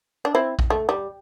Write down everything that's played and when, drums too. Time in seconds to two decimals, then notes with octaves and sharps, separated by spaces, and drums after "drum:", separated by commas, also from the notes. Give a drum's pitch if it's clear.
0.25 D4
0.35 C4 E4
0.59 drum: kick A#1
0.70 A3
0.89 G3